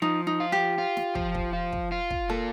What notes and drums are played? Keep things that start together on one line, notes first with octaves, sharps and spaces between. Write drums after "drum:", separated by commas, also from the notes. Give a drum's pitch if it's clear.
F3 D#4
D#4
F4
G4
F4
drum: snare
F3, drum: kick
drum: kick
F4
drum: kick
F4
drum: kick
A#3 A4